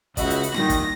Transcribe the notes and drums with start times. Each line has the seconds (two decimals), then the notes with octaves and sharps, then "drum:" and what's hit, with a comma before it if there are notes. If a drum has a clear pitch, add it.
0.17 C#2 F#4 D#5 E5 B5, drum: kick, hi-hat
0.30 drum: hi-hat
0.43 drum: hi-hat
0.54 C2 A#2 D#3 A#6, drum: rim click
0.69 drum: kick, hi-hat